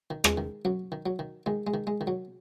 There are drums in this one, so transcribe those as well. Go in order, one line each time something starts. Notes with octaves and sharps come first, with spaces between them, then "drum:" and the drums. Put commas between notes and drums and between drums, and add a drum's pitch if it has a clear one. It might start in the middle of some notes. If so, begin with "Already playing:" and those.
D#3
G#3, drum: rim click
D#3
F#2 F#3
D#3
F#3
D#3
D#3 G#3
G#3
D#3
G#3
D#3
F#3